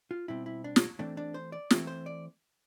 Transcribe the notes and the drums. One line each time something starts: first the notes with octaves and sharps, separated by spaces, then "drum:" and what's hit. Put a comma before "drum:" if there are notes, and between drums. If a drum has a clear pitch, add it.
F4
B2 G3 C4 E4
E4
D4
drum: snare
E3 A3 C4 D4
D4
C5
D5
E3 A3 C4, drum: snare
C5
D5